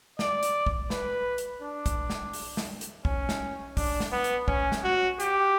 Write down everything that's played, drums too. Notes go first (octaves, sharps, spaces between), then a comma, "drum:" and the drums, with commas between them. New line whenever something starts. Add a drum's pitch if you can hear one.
D5, drum: snare
drum: hi-hat
drum: kick
B4, drum: snare
drum: hi-hat
D4
drum: kick, hi-hat
drum: snare
drum: open hi-hat
drum: snare
drum: hi-hat
C#4, drum: kick
drum: snare
D4, drum: kick, open hi-hat
drum: snare
B3
drum: hi-hat
C#4, drum: kick
drum: snare
F#4
G4, drum: hi-hat